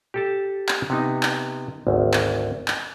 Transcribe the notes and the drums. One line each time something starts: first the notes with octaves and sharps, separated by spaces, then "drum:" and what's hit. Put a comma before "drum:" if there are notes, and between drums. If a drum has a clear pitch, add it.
G4 A4 A5
drum: clap
C3 B3 D#4
drum: clap
G#1 D2
drum: clap
drum: clap